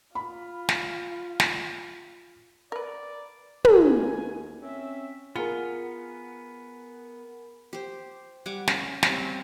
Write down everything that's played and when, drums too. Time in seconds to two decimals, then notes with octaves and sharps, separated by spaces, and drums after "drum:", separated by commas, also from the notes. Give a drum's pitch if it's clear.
0.15 F4 B5
0.69 drum: snare
1.40 drum: snare
2.72 A#4 B4 D5
3.65 D#2 G#5, drum: tom
4.62 C4 C#4 E5
5.36 B3 F4 G#4 A#4 F#5
7.73 G4 C5
8.46 G3 F#5 G#5 D6
8.67 C#4 C#5 F5, drum: snare
9.03 G3 C4 C#5 F5, drum: snare